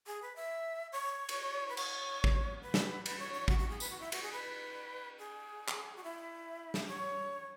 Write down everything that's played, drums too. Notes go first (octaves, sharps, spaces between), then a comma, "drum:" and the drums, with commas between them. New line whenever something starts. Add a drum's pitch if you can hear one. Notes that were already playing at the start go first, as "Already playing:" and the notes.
G#4
B4
E5
C#5
drum: cymbal
B4
C#5, drum: cymbal
drum: kick
B4
drum: snare
B4, drum: cymbal
C#5
C#5
F#4, drum: kick
F#4
G#4
B4, drum: tambourine
F#4
E4
F#4, drum: cymbal
G#4
B4
G#4
drum: clap
F#4
E4
drum: snare
C#5